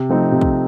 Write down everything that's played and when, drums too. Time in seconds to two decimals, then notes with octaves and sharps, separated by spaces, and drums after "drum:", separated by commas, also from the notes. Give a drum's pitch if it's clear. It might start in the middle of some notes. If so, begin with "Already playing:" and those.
Already playing: C3
0.09 F3 A3 C4 D#4
0.32 C3
0.41 drum: kick